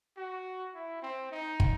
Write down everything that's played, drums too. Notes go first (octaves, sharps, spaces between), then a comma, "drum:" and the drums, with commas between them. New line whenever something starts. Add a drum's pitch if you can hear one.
F#4
E4
C4
D#4
drum: kick